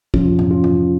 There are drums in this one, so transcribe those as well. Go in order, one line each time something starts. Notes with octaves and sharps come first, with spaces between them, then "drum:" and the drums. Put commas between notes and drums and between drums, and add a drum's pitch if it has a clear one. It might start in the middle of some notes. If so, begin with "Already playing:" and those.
F2 C3 F3 C#4 F4, drum: kick
drum: tom G#2
C#4 F4
drum: tom G#2